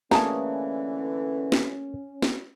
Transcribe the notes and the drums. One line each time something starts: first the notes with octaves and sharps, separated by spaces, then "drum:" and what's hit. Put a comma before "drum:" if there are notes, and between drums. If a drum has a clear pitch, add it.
D3 E3 A3 A#3 C#4 G#4 A5 A#5, drum: snare
drum: snare
drum: snare